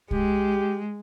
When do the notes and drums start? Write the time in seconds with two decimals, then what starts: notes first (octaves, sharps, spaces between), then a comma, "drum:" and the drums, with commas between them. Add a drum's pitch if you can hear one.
0.11 G#3 G4, drum: kick B1